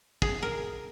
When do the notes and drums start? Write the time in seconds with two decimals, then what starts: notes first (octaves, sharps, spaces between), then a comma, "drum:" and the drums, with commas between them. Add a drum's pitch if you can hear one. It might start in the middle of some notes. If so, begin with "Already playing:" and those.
0.22 G#4, drum: kick
0.43 A#4